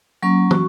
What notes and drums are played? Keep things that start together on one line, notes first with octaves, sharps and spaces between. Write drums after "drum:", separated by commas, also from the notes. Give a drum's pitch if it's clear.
F#3 A#3 C#4 C#6
F#4, drum: tom